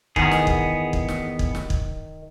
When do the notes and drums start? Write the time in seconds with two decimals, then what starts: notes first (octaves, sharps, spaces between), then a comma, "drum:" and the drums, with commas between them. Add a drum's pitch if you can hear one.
0.16 E2 D#3 B3 G#4, drum: kick
0.31 drum: snare
0.47 drum: kick
0.93 drum: kick
1.08 drum: snare
1.39 drum: kick
1.55 drum: snare
1.70 drum: kick